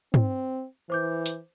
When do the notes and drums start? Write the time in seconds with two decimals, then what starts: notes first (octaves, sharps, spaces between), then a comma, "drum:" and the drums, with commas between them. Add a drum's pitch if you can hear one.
0.14 C4, drum: tom
0.90 E3 C5 D6 G6
1.26 drum: hi-hat